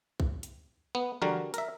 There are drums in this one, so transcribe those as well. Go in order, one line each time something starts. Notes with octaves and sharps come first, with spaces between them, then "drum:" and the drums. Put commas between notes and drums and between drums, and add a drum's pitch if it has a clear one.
drum: kick
drum: hi-hat
B3
D3 G3 F#4 A#4, drum: tom E3
A#4 E5, drum: hi-hat